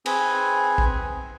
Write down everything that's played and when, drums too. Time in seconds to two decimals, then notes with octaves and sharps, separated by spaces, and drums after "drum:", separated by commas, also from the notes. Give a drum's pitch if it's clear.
0.06 C4 G#4 B4 G#5, drum: cymbal
0.78 drum: kick